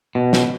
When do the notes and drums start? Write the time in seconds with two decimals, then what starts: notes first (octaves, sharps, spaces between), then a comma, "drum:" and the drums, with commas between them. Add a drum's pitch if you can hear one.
0.15 B2
0.33 drum: snare